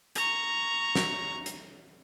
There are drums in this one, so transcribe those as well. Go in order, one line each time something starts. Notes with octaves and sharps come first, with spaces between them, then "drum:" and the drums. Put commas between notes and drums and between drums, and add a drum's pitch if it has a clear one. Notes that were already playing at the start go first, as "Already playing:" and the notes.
A#5 C#6, drum: hi-hat
drum: snare
drum: hi-hat